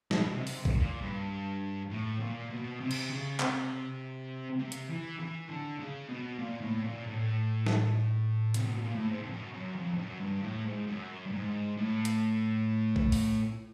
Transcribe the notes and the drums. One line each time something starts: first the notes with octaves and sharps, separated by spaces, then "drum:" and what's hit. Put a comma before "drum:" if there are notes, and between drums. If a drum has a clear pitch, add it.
B2, drum: snare
C3
drum: open hi-hat
drum: kick
A#2
G2
A2
A#2
B2
C3
drum: cymbal
C#3
C3, drum: clap
C3
drum: hi-hat
E3
E3
D3
C#3
B2
A#2
A2
A#2
A2
drum: snare
C3, drum: hi-hat
B2
A#2
A2
G#2
F2
F#2
F#2
F2
F2
F#2
G2
A2
G#2
F#2
G2
G#2
A2
drum: hi-hat
drum: kick
drum: open hi-hat